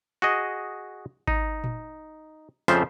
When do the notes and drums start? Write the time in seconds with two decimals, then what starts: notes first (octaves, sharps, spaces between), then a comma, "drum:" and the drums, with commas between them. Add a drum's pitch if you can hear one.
0.22 F#4 G#4 D#5
1.28 D#4, drum: kick G#1
1.64 drum: tom A#2
2.68 F2 C#3 F3 C5 E5, drum: snare